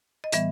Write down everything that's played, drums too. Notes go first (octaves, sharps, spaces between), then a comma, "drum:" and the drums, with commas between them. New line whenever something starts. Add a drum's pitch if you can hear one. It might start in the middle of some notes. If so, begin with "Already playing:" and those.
D#5
A2 E3 G3 B3 E5, drum: hi-hat